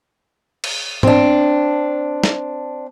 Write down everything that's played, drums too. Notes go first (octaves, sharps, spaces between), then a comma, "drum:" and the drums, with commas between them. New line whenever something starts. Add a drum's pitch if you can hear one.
drum: cymbal
C4 D4, drum: tom G#2
drum: snare